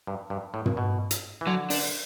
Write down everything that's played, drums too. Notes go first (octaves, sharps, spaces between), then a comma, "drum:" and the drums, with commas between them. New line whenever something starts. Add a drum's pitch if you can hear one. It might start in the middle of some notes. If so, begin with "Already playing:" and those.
G2
G2
A2
drum: tom
B2
drum: hi-hat
E3
D3 F#3
D4, drum: open hi-hat